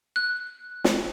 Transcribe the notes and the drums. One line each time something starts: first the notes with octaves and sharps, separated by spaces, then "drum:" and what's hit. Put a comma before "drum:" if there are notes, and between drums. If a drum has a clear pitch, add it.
F#6
drum: snare